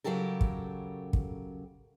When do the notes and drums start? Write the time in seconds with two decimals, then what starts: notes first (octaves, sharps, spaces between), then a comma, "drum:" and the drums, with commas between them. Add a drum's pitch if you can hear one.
0.04 C#3 F#3 G4 A4 A#4
0.41 drum: kick
1.13 drum: kick